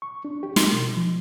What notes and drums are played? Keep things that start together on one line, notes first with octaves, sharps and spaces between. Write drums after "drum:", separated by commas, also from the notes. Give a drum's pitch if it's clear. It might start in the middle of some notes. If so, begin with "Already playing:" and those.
C#6
D4
G4
C6, drum: snare
B2
F3